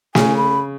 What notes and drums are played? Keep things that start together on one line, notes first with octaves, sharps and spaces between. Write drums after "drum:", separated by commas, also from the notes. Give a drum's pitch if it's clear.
C#3 G#5, drum: snare
B5